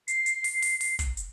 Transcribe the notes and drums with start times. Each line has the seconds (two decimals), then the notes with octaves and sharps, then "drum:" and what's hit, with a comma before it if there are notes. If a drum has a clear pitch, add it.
0.08 C7, drum: hi-hat
0.26 drum: hi-hat
0.44 drum: open hi-hat
0.62 drum: open hi-hat
0.81 drum: open hi-hat
0.99 drum: kick, hi-hat
1.17 drum: hi-hat